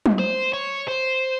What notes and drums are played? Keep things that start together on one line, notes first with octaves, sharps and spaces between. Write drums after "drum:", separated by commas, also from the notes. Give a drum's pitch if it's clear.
drum: tom F#3
C5
C#5
C5